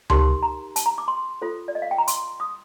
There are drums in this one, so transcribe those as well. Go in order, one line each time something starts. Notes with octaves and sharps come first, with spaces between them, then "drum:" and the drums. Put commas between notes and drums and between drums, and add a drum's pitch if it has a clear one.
D#4 G4 A#4 C6, drum: tom C#2
A#5
A5, drum: hi-hat
A#5
D6
C6
F4 A4 C5
D5
D#5
F5
G5
A#5
C6, drum: hi-hat
D#6